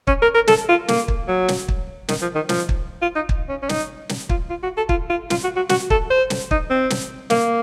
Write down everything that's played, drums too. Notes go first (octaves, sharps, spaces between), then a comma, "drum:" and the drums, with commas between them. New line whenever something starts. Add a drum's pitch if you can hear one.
C#4, drum: kick
A#4
A#4
A4, drum: snare
F4
A#3, drum: snare
drum: kick
F#3
drum: snare
drum: kick
D#3, drum: snare
F3
D#3
F3, drum: snare
drum: kick
F4
D#4
drum: kick
C#4
C#4
D#4, drum: snare
drum: snare
F4, drum: kick
F4
F#4
A4
F4, drum: kick
F4
F4, drum: snare
F#4
F#4
F#4, drum: snare
A4, drum: kick
C5
drum: snare
D#4, drum: kick
C4
drum: snare
A#3, drum: snare